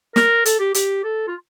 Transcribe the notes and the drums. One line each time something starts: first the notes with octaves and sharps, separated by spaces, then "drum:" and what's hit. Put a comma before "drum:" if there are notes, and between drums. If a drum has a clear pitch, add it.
A#4, drum: snare
A4, drum: hi-hat
G4
G4, drum: hi-hat
A4
F4